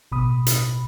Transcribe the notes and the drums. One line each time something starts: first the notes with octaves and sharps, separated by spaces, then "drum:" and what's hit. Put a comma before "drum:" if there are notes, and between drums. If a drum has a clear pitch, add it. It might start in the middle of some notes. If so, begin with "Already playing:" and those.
A1 B2 B5 D#6
drum: hi-hat